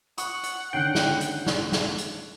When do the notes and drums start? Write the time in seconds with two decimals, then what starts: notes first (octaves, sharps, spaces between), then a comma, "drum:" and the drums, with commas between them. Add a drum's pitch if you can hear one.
0.18 F#5 C#6 D#6, drum: hi-hat
0.43 drum: hi-hat
0.73 D3 D#3 C#4 G5 F#6 C7 D7
0.95 drum: snare
1.21 drum: hi-hat
1.46 drum: snare
1.72 drum: snare
1.98 drum: hi-hat